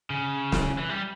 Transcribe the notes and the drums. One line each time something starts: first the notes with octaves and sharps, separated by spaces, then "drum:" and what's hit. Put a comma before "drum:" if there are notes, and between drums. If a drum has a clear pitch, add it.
C#3
drum: snare
E3
G3